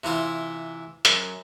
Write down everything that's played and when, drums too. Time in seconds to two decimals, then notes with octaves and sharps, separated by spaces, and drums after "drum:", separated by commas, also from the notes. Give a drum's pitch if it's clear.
0.04 C3 E3 E4 F4
1.05 F#2, drum: hi-hat